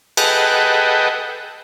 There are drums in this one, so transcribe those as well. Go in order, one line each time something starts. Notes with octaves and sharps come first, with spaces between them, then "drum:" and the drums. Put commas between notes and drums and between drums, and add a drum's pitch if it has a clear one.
G#4 A4 B4 D#5 F#5 G5, drum: cymbal